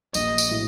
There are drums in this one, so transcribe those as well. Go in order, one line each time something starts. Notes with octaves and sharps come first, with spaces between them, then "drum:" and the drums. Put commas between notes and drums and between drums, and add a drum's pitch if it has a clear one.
A#1 D#5, drum: tambourine
drum: tambourine
A2